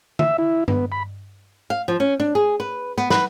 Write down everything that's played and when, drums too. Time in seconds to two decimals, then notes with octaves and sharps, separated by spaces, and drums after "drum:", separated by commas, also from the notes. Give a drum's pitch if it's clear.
0.19 E5, drum: tom D3
0.38 E4
0.68 B3, drum: tom G2
0.92 B5
1.70 F5
1.88 F3
2.00 C#4
2.20 D4
2.35 G#4
2.60 B4
2.98 B3
3.10 B4, drum: snare